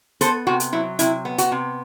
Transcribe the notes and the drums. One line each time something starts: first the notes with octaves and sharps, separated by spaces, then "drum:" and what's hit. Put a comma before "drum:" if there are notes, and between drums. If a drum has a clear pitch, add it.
B3 A4 C5, drum: hi-hat
C3 F#4
drum: hi-hat
F#3 E4
C3 E4, drum: hi-hat
B3
F#4, drum: hi-hat
C3